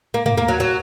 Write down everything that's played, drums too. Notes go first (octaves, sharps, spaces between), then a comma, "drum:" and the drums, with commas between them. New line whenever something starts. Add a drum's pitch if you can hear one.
A#3
A#3, drum: tom
A#3
F#3
F#3